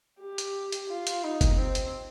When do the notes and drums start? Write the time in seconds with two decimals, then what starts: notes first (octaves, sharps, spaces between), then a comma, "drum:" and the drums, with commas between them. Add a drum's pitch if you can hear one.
0.21 G4
0.38 drum: hi-hat
0.72 drum: hi-hat
0.90 F4
1.07 drum: hi-hat
1.23 D#4
1.41 drum: kick G1, hi-hat
1.58 C4
1.75 drum: hi-hat